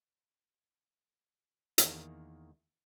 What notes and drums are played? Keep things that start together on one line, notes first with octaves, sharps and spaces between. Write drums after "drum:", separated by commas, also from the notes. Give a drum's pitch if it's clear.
E2 D#3 A#3 A#5, drum: hi-hat